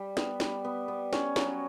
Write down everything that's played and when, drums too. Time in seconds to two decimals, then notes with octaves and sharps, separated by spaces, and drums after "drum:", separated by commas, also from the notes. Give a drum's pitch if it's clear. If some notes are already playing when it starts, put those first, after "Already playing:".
Already playing: G3
0.17 B3, drum: snare
0.40 G3, drum: snare
0.64 B3
0.88 B3
1.13 C#4, drum: snare
1.36 F#3, drum: snare